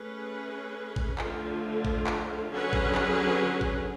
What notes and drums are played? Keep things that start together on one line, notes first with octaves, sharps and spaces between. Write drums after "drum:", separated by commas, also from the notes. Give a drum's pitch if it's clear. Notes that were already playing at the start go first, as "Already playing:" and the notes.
Already playing: A3 C#4 G#4 B4
drum: kick
D3 F3 A3 F4, drum: clap
drum: kick
drum: clap
D3 F#3 C#4 G#4 B4
drum: kick
drum: clap
drum: kick